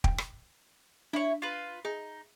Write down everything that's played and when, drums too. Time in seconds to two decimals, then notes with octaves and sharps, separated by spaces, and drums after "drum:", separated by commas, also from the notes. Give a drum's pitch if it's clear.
0.04 G5, drum: kick
0.18 drum: rim click
1.13 D4 E4 C#5
1.42 F4 B4
1.85 D#4 G#4